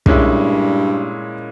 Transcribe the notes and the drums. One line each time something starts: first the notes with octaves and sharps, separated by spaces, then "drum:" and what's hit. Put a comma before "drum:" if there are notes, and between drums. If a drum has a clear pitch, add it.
G2 A#2 G#3 C#4 E4, drum: kick